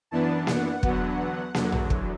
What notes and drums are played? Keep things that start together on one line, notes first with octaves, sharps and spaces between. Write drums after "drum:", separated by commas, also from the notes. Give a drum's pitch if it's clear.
F#2 E3 B3 D4 A5
F#5, drum: snare A#3
E2 D3 F#3 B3, drum: kick
E2 D3 F#3, drum: snare A#3
drum: tom A#1
drum: kick